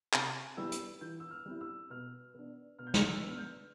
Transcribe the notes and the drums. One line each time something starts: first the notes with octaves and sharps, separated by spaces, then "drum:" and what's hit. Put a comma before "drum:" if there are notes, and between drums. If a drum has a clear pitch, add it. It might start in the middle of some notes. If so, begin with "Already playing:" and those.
C3 G6, drum: clap
G3 B3 E4 E6
drum: hi-hat
E3 G6
E6
F6
G3 C4 E4
E6
B2 F6
B3 D4
B2 F6
G6
F6, drum: snare
E6
B3 D4
F6
G6